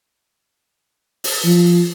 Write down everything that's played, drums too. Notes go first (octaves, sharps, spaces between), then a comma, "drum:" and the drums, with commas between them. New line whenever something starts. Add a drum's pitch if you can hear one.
drum: open hi-hat
F3